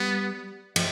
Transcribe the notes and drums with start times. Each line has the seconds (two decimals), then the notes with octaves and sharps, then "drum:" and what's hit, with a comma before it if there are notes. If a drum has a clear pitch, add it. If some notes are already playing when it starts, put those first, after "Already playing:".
Already playing: G3 B3
0.76 F3, drum: cymbal